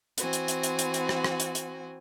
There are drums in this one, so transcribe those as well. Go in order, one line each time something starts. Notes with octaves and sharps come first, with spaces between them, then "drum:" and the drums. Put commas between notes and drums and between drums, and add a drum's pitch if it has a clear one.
E3 C4 F#4 G#5, drum: hi-hat
drum: hi-hat
drum: hi-hat
drum: hi-hat
drum: hi-hat
drum: hi-hat
drum: rim click
drum: rim click
drum: hi-hat
drum: hi-hat